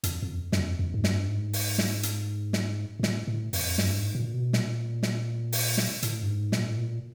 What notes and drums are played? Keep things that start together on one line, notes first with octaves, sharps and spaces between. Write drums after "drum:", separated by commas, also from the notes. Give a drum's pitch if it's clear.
F2, drum: hi-hat
F2
F#2, drum: snare
F2
F2
G#2
G2, drum: snare
G#2
drum: open hi-hat
drum: snare
drum: hi-hat
drum: snare
G#2
A2, drum: snare
A2
F2, drum: open hi-hat
G2, drum: snare
G#2
A#2
B2
A#2, drum: snare
drum: snare
drum: open hi-hat
drum: snare
A2, drum: hi-hat
G2
G#2
A#2, drum: snare
A2
A#2